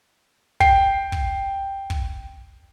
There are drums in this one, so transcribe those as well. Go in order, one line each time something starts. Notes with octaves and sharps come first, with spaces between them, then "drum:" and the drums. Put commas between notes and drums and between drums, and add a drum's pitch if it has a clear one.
G5 C7, drum: kick
drum: kick
drum: kick